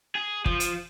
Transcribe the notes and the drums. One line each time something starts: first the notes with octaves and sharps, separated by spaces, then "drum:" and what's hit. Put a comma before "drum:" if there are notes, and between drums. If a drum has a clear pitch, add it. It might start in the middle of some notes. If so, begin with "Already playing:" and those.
G#4
F3, drum: kick G1
drum: hi-hat